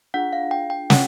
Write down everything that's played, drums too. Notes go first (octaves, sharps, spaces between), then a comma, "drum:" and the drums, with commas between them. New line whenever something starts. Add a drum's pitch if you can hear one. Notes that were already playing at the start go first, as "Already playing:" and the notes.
D4 F4 G#4 F#5
F5
G5
G5
D4 F4 F#5, drum: snare